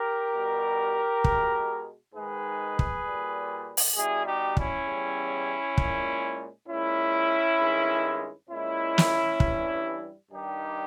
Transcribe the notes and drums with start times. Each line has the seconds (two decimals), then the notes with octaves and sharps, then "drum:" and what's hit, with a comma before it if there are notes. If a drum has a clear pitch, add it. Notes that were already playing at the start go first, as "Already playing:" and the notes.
Already playing: G4 A#4
0.34 B2 G3
1.24 B2 G#3, drum: kick
2.14 G#2 D#3 G#3 G#4 B4
2.79 drum: kick
3.05 A#2 G3
3.77 drum: open hi-hat
3.96 B2 G3 E4 G#4
4.26 D#4 G4
4.57 C#4 E4, drum: kick
4.86 E2 C#3 G3
5.78 A#2 G#3, drum: kick
6.67 A#2 G#3 C#4 E4
7.59 G2 D#3 G#3
8.49 A#2 G#3 C#4 E4
8.98 drum: snare
9.40 G2 E3 G3, drum: kick
10.31 G2 D#3 G3 D#4 G4